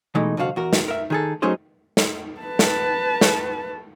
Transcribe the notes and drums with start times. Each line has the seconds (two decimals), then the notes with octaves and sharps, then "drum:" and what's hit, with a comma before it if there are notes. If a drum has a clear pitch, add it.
0.15 B2 E3 G#3 A3 D#4
0.37 C2 F2 D3 F#4 F5
0.56 E2 F#4 A#4
0.73 drum: snare
0.88 A#4 E5
1.10 D#3 G#4 A4
1.42 F#3 A3 C#4 D#4 G#4 C5
1.97 drum: snare
2.41 B4 A5
2.59 drum: snare
3.21 drum: snare